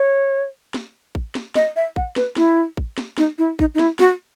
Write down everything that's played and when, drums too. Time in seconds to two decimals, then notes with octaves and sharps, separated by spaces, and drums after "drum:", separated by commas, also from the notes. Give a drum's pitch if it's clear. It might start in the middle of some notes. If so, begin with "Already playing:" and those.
Already playing: C#5
0.74 drum: snare
1.15 drum: kick A1
1.35 drum: snare
1.55 D#5, drum: snare
1.76 E5
1.96 F#5, drum: kick A1
2.16 B4, drum: snare
2.37 E4, drum: snare
2.77 drum: kick A1
2.98 drum: snare
3.18 D#4, drum: snare
3.38 E4
3.59 D#4, drum: kick A1
3.75 D#4
3.79 E4, drum: snare
3.99 F#4, drum: snare